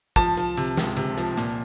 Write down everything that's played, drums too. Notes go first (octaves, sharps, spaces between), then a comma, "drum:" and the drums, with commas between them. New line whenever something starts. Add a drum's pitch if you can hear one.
F3 A5, drum: kick
F3, drum: hi-hat
C3, drum: hi-hat
C#2, drum: snare
C3, drum: hi-hat
F3, drum: hi-hat
A#2, drum: hi-hat